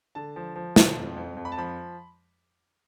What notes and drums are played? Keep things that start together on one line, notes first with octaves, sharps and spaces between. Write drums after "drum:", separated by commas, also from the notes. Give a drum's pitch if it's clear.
D3 A5
F3
F3
F3, drum: snare
F2
F2
F2
B5
A5
F3 B5